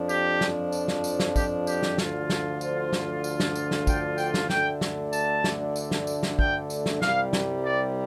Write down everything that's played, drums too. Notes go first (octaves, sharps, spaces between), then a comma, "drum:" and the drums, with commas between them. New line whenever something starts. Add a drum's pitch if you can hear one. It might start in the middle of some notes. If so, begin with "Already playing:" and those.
Already playing: F2 F3 D4
G4, drum: tambourine
drum: snare
drum: tambourine
drum: snare
drum: tambourine
drum: snare
G4, drum: kick, tambourine
G4, drum: tambourine
drum: snare
D2 D3 F3 D4 F4, drum: snare
drum: snare
C5, drum: tambourine
drum: snare
drum: tambourine
drum: snare
drum: tambourine
drum: snare
G5, drum: kick, tambourine
G5, drum: tambourine
drum: snare
D2 D3 A3 D4 G5, drum: snare
drum: snare
A5, drum: tambourine
drum: snare
drum: tambourine
drum: snare
drum: tambourine
drum: snare
G5, drum: kick
drum: tambourine
drum: snare
C2 C3 G3 F5, drum: snare
drum: snare
D5